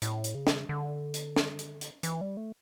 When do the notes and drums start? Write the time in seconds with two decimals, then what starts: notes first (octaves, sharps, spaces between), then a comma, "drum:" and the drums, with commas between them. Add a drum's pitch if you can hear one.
0.02 A2, drum: hi-hat
0.24 drum: hi-hat
0.35 C#3
0.47 drum: snare
0.69 D3
1.14 drum: hi-hat
1.36 drum: snare
1.59 drum: hi-hat
1.81 drum: hi-hat
2.03 E3, drum: hi-hat
2.21 G3
2.37 A3